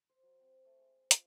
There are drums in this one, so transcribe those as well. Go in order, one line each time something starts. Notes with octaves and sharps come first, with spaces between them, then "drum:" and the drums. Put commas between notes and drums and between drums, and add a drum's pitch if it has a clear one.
C5
F#3
C4
A3
G#3
F4, drum: hi-hat